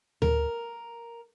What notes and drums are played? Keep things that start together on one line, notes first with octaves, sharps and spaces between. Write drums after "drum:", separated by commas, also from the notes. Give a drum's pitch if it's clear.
A#4, drum: tom D2